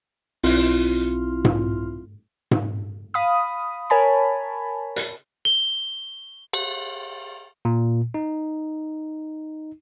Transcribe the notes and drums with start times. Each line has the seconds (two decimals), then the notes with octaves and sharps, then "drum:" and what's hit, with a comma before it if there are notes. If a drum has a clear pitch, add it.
0.43 B1 C4 E4 F4 C6 F6, drum: open hi-hat
1.45 drum: tom G#2
2.51 drum: tom G#2
3.14 F5 B5 D#6
3.90 A#4 C#5 G#5 A5 B5
4.96 drum: hi-hat
5.45 G7
6.53 drum: cymbal
7.65 A#2
8.14 D#4